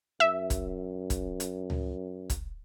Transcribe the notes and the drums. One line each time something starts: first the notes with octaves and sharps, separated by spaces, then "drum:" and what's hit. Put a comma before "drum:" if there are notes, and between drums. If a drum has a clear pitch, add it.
F#2 E5
drum: kick, hi-hat
drum: kick, hi-hat
drum: hi-hat
drum: tom C#2
drum: kick, hi-hat